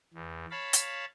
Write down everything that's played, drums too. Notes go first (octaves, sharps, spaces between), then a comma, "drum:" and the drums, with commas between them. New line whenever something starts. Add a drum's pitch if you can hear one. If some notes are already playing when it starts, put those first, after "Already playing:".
E2
C#5 F5 A5 B5
drum: hi-hat